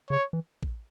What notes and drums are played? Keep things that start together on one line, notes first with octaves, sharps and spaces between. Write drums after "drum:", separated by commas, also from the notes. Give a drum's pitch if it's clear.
C#3 C#5
E3
drum: kick